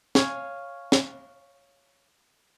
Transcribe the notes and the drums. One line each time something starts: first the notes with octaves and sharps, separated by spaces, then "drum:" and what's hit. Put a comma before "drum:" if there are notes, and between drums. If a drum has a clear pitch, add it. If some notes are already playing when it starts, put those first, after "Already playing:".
C#5 F5 G#5, drum: snare
drum: snare